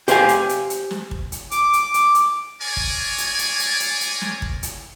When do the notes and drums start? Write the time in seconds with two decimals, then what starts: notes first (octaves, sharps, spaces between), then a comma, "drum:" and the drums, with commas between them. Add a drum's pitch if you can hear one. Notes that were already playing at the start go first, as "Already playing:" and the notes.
0.08 G4 C5 F5 G#5, drum: hi-hat
0.29 drum: hi-hat
0.49 drum: hi-hat
0.70 drum: hi-hat
0.91 drum: snare
1.11 drum: kick
1.32 drum: hi-hat
1.51 D6, drum: hi-hat
1.73 drum: hi-hat
1.94 drum: hi-hat
2.15 drum: hi-hat
2.61 G#4 A#4 C#5 D5 G#5
2.77 drum: kick
3.18 drum: hi-hat
3.39 drum: hi-hat
3.59 drum: hi-hat
3.80 drum: hi-hat
4.01 drum: hi-hat
4.21 drum: snare
4.42 drum: kick
4.63 drum: hi-hat